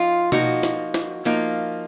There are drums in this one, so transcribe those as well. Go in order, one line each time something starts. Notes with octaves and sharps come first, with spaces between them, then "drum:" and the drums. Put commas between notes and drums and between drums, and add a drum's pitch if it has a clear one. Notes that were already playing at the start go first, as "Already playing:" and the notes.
Already playing: F3 D#4 F4
F3 A#3 D#4 F#4, drum: tom B2
drum: snare
drum: snare
F3 A#3 D#4, drum: hi-hat